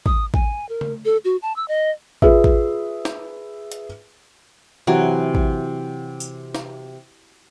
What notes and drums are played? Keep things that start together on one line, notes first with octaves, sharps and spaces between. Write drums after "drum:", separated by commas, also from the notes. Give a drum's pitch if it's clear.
D#6, drum: kick
G#5, drum: kick
A#4
drum: tom C#3
A4
F#4
A5
E6
D#5
F4 G#4 B4 E5, drum: kick
drum: kick
drum: snare
drum: hi-hat
C3 E3 F#3
drum: kick
drum: tambourine
drum: snare